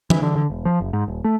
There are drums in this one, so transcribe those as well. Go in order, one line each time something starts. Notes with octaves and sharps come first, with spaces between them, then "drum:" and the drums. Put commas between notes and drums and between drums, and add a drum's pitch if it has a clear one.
E3, drum: tom E3
D3
D3
E1
F3
F#1
G#2
D#1
A3